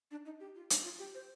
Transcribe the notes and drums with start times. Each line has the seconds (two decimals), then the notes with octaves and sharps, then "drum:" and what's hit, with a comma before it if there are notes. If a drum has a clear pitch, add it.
0.11 D4
0.25 D#4
0.40 G4
0.55 F4
0.70 D4, drum: hi-hat
0.84 F4
0.99 G4
1.14 C5